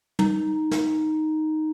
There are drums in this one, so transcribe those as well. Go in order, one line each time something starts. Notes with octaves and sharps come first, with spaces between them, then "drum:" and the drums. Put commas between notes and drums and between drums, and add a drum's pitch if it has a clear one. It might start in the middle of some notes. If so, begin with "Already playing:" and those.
D#4, drum: tom
drum: snare